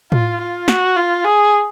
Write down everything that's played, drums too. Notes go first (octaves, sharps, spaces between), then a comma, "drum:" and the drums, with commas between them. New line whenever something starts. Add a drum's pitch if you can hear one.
F4, drum: tom A2
F4
F#4, drum: snare
F4
G#4